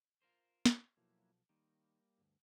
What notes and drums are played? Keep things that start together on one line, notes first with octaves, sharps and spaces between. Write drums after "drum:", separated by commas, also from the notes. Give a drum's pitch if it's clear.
F4 A#4 C5
drum: snare
B1 F3 F#3 A#3 E4
D#3 G3 A#3
D2 G2